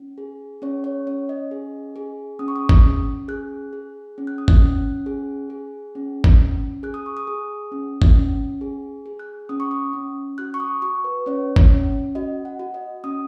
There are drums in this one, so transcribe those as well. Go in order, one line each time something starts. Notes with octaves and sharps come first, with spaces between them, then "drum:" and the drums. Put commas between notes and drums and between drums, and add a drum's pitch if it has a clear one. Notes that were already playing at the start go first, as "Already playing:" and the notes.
Already playing: C#4
G#4
C#4 C#5
C#5
C#4 C#5
D#5
G#4
G#4
C#4 D#6
C#6
D#6
drum: kick
C#4
G#4 F#6
G#4
C#4
F#6
D#6
F#6, drum: kick
C#4
G#4
G#4
C#4
drum: kick
C#4
G#4 F#6
D#6
C#6
D#6
G#4
C#4
drum: kick
C#4
G#4
G#4
F#6
C#4 D#6
C#6
D#6
C#4
F#4 F#6
C#6
D#6
F#4 C#6
B4
C#4 C#5
drum: kick
C#4
F#4 D#5
F#5
F#4
D#5
C#4 D#6